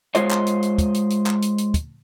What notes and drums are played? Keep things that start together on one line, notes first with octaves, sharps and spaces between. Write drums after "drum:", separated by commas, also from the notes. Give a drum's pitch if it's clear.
G#3 F4 C5 C#5 D#5, drum: hi-hat
drum: clap
drum: hi-hat
drum: hi-hat
drum: kick, hi-hat
drum: hi-hat
drum: hi-hat
drum: clap
drum: hi-hat
drum: hi-hat
drum: kick, hi-hat